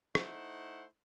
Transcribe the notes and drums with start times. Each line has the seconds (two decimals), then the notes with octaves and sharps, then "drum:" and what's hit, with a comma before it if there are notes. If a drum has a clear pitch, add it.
0.15 A3 D#4 E4 C5 F#5, drum: rim click